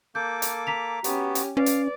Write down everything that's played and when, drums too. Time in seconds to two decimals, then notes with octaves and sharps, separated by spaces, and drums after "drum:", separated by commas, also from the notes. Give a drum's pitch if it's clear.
0.15 A#3 A4 D6 G6
0.42 drum: hi-hat
0.67 A#5 B6 F7
1.04 B3 C#4 F#4 G4, drum: hi-hat
1.35 drum: hi-hat
1.57 C#4 B4 D5 F5
1.66 drum: hi-hat